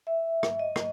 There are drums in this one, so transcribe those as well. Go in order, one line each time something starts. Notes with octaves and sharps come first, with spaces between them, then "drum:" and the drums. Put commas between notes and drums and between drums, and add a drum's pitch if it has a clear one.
E5
drum: rim click
D#5
drum: rim click